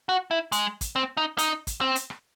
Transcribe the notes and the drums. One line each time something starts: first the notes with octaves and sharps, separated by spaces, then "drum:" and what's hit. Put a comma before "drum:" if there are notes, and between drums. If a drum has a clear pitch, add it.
F#4
E4
G#3, drum: hi-hat
drum: kick, hi-hat
C4
D#4
D#4, drum: hi-hat
drum: kick, hi-hat
C4
drum: hi-hat
drum: rim click